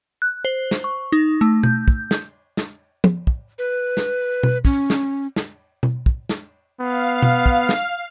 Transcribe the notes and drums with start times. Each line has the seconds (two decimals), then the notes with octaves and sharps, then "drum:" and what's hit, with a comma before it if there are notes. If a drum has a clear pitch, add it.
0.22 F#6
0.45 C5
0.71 drum: snare
0.84 C#6
1.12 D#4
1.41 A3
1.63 G6, drum: tom B2
1.88 drum: kick
2.11 drum: snare
2.57 drum: snare
3.04 drum: tom
3.27 drum: kick
3.58 B4
3.97 drum: snare
4.43 drum: tom B2
4.65 C#4, drum: kick
4.90 drum: snare
5.36 drum: snare
5.83 drum: tom B2
6.06 drum: kick
6.29 drum: snare
6.81 B3 F5
7.22 drum: tom B2
7.46 drum: kick
7.69 drum: snare